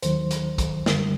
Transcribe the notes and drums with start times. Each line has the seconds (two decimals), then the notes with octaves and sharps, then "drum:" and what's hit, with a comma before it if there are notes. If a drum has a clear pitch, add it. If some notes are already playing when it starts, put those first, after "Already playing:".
0.03 D#2 D#3 F#3 C5, drum: hi-hat
0.31 drum: hi-hat
0.58 drum: kick, hi-hat
0.86 F#2 D3 G3, drum: snare